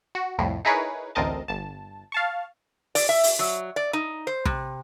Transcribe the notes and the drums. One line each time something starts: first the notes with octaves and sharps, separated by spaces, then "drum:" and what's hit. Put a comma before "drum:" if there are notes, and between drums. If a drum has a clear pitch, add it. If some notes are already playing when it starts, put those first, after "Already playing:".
F#4
C2 F2 A2
D#4 E4 G#4 A#4 B4 C#5
A1 D2 C4 A#4 D#5 A5
G1 A5
F5 A5 C#6
D5, drum: open hi-hat
E5
drum: open hi-hat
F#3
D5
D#4
C5
C3, drum: kick